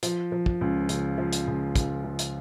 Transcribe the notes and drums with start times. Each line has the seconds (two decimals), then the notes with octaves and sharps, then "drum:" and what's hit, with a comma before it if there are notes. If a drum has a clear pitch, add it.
0.03 F3, drum: hi-hat
0.32 F3
0.46 drum: kick
0.61 C#2
0.89 C#3, drum: hi-hat
1.18 F3
1.33 drum: hi-hat
1.47 C#2
1.76 C#2, drum: kick, hi-hat
2.04 C#3
2.19 drum: hi-hat